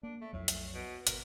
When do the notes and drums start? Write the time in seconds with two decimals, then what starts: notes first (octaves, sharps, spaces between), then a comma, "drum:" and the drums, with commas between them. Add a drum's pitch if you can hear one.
0.03 A#3 D4
0.21 A3
0.33 B1 F2 A2 F#3
0.48 drum: hi-hat
0.74 B2
1.07 G#1 B2 A#4, drum: hi-hat